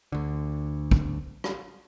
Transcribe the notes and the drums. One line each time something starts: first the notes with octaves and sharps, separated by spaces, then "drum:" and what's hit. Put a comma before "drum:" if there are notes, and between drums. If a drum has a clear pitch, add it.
D2 D3
drum: kick
drum: rim click